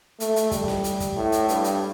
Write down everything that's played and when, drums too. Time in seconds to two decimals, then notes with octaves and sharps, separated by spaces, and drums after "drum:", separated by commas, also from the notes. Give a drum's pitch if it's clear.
0.20 A3, drum: hi-hat
0.36 drum: hi-hat
0.51 G3, drum: kick, hi-hat
0.68 drum: snare
0.84 drum: hi-hat
1.00 drum: kick, hi-hat
1.16 A2
1.32 drum: hi-hat
1.49 G2, drum: hi-hat
1.64 drum: hi-hat